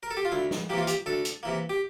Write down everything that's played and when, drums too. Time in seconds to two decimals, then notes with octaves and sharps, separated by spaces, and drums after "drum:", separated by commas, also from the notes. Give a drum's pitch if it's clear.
0.03 A#4
0.11 A4
0.17 G4
0.25 F4
0.32 D2 E4
0.51 drum: snare
0.69 C3 E3 A#3 G4
0.78 F4
0.87 G4, drum: hi-hat
1.06 D2 A4
1.25 drum: hi-hat
1.43 C3 E3 A#3
1.70 G4